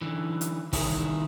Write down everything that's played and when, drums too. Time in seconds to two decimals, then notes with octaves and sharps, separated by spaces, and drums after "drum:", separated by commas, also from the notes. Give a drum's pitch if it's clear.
0.01 D3 E3
0.41 drum: hi-hat
0.73 C2 D#3 E4 G#4, drum: kick, open hi-hat